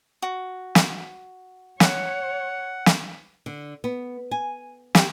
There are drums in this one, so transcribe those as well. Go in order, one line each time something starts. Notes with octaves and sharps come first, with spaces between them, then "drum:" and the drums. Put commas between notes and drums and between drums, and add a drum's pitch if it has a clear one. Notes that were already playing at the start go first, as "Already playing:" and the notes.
F#4
drum: snare
C#5 F#5, drum: snare
drum: snare
D3
B3
G#5
G4, drum: snare